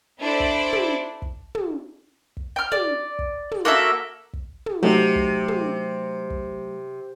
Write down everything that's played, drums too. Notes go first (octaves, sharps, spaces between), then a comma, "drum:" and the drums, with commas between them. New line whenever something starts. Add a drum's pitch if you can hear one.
D4 E4 A4 C5 D5
drum: kick
drum: tom
drum: kick
drum: tom
drum: kick
G5 F6
D5, drum: tom
drum: kick
drum: tom
A#3 F#4 A4 E5
drum: kick
drum: tom
C3 F#3 A3 D#4
drum: kick
drum: tom
drum: kick